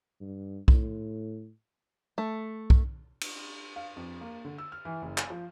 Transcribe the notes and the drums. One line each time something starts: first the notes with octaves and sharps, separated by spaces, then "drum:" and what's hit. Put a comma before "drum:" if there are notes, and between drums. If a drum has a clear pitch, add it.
G2
A2, drum: kick B1
A3
drum: kick B1
drum: cymbal
F5
F2
A#3
D3
E6
F6
E3
F#1
G#5, drum: clap
F3